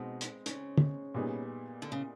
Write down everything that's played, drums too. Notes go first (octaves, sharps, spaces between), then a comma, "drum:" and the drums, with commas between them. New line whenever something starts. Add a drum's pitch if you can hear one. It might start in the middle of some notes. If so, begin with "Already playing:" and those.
Already playing: B2 G#3 C4 D#4
drum: hi-hat
C#3, drum: hi-hat
drum: tom
A#2 G3 B3 D#4 G#4
D3
C#3